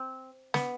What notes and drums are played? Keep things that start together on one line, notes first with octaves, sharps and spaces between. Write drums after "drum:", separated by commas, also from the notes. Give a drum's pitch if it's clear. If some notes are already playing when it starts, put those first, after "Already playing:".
Already playing: C4
B3, drum: snare